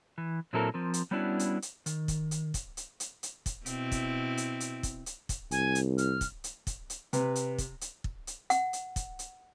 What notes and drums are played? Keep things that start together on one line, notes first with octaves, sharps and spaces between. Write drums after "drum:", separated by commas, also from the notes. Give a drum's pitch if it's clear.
E3
A#2 F#3 C4 E4 A4 A#4
F3 C4 A#4
drum: hi-hat
G3 B3 C#4 D4 E4 F#4
drum: hi-hat
drum: hi-hat
D#3, drum: hi-hat
drum: kick, hi-hat
drum: hi-hat
drum: kick, hi-hat
drum: hi-hat
drum: hi-hat
drum: hi-hat
drum: kick, hi-hat
B2 C4 E4, drum: hi-hat
drum: kick, hi-hat
drum: hi-hat
drum: hi-hat
drum: kick, hi-hat
drum: hi-hat
drum: kick, hi-hat
C2 G#5, drum: hi-hat
drum: hi-hat
F6, drum: hi-hat
drum: kick, hi-hat
drum: hi-hat
drum: kick, hi-hat
drum: hi-hat
C3 B4, drum: hi-hat
drum: hi-hat
drum: kick, hi-hat
drum: hi-hat
drum: kick
drum: hi-hat
F#5, drum: hi-hat
drum: hi-hat
drum: kick, hi-hat
drum: hi-hat